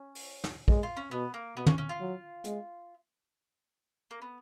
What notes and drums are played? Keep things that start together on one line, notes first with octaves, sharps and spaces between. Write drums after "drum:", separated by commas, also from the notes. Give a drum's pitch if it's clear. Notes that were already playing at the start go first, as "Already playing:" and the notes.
Already playing: C#4
drum: open hi-hat
drum: snare
G#3, drum: kick
F4
C#4
B2 B3
A#3
B2 B3
C#4, drum: tom
C#4
F4
F#3
G#3, drum: hi-hat
A#3
B3